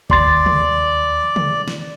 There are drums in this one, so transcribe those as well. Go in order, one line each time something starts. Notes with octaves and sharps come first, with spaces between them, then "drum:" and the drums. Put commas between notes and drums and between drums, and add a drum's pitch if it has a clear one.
D#2 D5 C6 A6, drum: kick G1
drum: tom
drum: tom
drum: snare